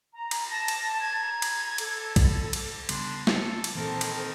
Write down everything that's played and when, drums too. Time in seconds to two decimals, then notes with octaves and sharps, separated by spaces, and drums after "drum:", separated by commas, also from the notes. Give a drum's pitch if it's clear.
0.13 A#5
0.31 drum: cymbal
0.51 A5 A#6
0.68 drum: cymbal
1.00 G#6
1.20 A#5
1.42 drum: cymbal
1.78 A4, drum: cymbal
2.16 drum: kick, cymbal
2.53 drum: cymbal
2.89 C#3 G3 B3 D4 C6, drum: cymbal
3.27 A4, drum: snare
3.64 drum: cymbal
3.75 A#2 D#3 E3 C4 A4 A#4
4.01 drum: cymbal